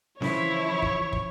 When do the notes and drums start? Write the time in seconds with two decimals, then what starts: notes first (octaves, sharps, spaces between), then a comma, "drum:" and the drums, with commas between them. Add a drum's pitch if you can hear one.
0.22 C#3 E3 F3 E4 C#5, drum: snare C4
0.82 drum: kick
1.13 drum: kick